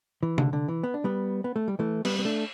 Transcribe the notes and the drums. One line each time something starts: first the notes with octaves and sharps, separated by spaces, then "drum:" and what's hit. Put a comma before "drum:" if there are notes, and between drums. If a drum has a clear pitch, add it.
E3
D3, drum: tom C3
D3
E3
B3
D4
G3 B3
B3
A3
G3
E3 A3
G3 B3, drum: cymbal
B3
A3 D4